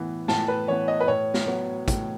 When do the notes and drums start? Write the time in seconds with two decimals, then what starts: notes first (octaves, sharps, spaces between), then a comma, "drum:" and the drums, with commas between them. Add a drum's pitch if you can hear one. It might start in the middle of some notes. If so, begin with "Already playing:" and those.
Already playing: A2 E3 B3
0.28 A2 A5, drum: snare
0.48 B4
0.68 E3 B3 C#5
0.88 D#5
1.00 B4
1.08 A2 C#5
1.34 drum: snare
1.47 F#3 B3
1.88 A2, drum: kick, hi-hat